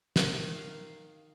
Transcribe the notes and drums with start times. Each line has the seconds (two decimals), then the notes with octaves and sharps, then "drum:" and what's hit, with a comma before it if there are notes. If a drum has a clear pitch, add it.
0.16 D#3, drum: snare
0.55 F5